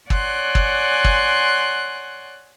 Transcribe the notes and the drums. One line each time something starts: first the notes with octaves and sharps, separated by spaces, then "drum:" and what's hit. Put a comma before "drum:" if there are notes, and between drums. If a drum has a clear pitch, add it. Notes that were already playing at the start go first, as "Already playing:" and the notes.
C#5 D5 F#5 G#5 C6 F#6, drum: kick
drum: kick
drum: kick